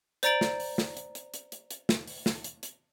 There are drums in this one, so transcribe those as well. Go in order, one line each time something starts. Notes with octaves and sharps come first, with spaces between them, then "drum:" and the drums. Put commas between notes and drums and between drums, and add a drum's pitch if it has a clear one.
C5 D5 A#5 A6 D7 F#7, drum: hi-hat
drum: snare
drum: open hi-hat
drum: snare
drum: hi-hat
drum: hi-hat
drum: hi-hat
drum: hi-hat
drum: hi-hat
drum: snare
drum: open hi-hat
drum: snare
drum: hi-hat
drum: hi-hat